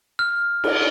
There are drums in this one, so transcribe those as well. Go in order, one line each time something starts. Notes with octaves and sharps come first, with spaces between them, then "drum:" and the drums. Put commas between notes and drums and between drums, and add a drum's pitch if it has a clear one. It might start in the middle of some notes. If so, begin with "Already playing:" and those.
F6
drum: cymbal